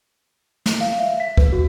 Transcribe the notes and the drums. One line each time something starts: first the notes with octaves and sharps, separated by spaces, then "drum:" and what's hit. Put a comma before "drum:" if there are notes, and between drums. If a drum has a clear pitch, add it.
drum: snare
F5
E5
B6
B4, drum: kick
F#4